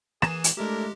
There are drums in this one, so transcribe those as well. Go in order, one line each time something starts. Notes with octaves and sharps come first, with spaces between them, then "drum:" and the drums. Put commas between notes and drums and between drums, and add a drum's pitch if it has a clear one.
E3 A#3 G#4 E7, drum: rim click
drum: hi-hat
G#3 A3 D4 E4 G4 A#4